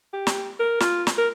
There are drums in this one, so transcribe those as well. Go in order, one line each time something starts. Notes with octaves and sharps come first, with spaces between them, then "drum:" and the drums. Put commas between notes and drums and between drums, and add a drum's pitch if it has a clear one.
G4
drum: snare
A#4
F4, drum: snare
drum: snare
A#4